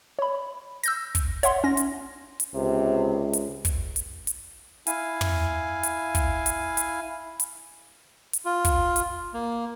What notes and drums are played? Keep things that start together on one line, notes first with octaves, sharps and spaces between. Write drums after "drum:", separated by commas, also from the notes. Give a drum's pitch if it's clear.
C#5 B5
E6 G6 A#6, drum: hi-hat
drum: kick, hi-hat
C#5 E5 F#5 C6, drum: hi-hat
C#4 A#6
drum: hi-hat
drum: hi-hat
C#2 C3
drum: hi-hat
drum: kick, hi-hat
drum: hi-hat
drum: hi-hat
E4 F5 G#5, drum: hi-hat
drum: tom
drum: hi-hat
drum: kick, hi-hat
drum: hi-hat
drum: hi-hat
drum: hi-hat
drum: hi-hat
F4
drum: kick, hi-hat
drum: hi-hat
A#3